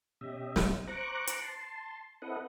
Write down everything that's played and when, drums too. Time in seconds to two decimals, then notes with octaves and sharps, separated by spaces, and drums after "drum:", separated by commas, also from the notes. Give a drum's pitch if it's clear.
0.21 B2 C#4 G4 D#5 E5
0.56 drum: snare
0.88 C5 A#5 C#6 D6 F#6
1.27 drum: hi-hat
1.42 A5 C6
2.22 C4 E4 A4 B4 D#5 F#5